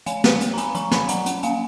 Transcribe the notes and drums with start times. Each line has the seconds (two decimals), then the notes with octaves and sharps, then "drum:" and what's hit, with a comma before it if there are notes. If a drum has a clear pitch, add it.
0.06 F3 F5 G#5, drum: hi-hat
0.24 F3, drum: snare
0.41 B3, drum: hi-hat
0.54 A#5
0.58 B3 G#5 B5, drum: hi-hat
0.75 F3 A#5 C#6, drum: hi-hat
0.91 F3 G#5 B5, drum: snare
1.09 F#3 F#5 A#5, drum: hi-hat
1.26 C#4 F#5, drum: hi-hat
1.43 A#3 F5 G#5, drum: hi-hat